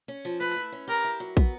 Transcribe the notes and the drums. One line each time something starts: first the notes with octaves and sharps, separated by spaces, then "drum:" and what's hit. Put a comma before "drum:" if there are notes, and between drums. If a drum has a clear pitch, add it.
C#4
F3
A3 B4
E4
C#4
G4 A#4
E4
F#3
B3, drum: kick